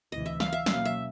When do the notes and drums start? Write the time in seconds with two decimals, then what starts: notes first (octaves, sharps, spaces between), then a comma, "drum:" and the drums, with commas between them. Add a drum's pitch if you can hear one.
0.12 D2 C3 E3 D#5
0.26 E5
0.40 F5, drum: snare
0.53 E5
0.66 B2 F#3 A#3 C#4 F5, drum: snare
0.85 E5